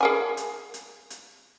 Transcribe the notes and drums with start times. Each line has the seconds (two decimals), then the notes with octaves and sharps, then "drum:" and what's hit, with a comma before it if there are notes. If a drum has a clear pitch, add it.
0.01 G#4 A#4 G#5
0.37 drum: hi-hat
0.74 drum: hi-hat
1.10 drum: hi-hat